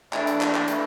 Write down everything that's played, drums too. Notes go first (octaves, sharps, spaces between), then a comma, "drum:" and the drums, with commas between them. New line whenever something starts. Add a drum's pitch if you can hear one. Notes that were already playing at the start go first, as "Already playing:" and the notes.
E3 A3 D4 E4, drum: clap
drum: hi-hat
drum: clap
drum: clap
E3 A3 E4, drum: hi-hat